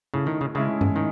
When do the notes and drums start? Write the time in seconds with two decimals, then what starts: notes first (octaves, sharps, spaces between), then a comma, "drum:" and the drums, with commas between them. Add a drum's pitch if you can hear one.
0.14 A2 C#3
0.27 D#3
0.41 C#3
0.55 C#3 G#3 C#4 E4
0.81 drum: tom G2
0.96 D#3